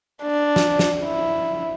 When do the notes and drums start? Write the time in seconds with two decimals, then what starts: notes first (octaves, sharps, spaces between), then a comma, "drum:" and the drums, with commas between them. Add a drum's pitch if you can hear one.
0.23 D4
0.56 drum: snare
0.79 drum: snare
1.05 E4